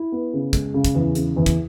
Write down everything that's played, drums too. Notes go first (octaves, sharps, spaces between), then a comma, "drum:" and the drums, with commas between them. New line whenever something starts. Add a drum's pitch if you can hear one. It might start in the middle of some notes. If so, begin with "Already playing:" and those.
Already playing: E4
B3
C#3
G#3, drum: kick, hi-hat
C#3
drum: kick, hi-hat
E2
C#3, drum: hi-hat
E2
drum: kick, hi-hat